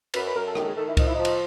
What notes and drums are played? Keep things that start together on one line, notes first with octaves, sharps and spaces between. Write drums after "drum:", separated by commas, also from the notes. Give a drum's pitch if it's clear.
F#2 B4, drum: cymbal
B4
F#2 A#4
A4
D#3 G4, drum: rim click
A4
G#4
D#3 A4
E4
F3 D#4, drum: kick C2, cymbal
E4
F3 D#4
drum: cymbal